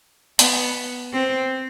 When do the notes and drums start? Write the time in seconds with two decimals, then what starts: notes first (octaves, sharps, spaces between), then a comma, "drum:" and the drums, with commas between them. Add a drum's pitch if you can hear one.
0.39 B3, drum: hi-hat
1.13 C4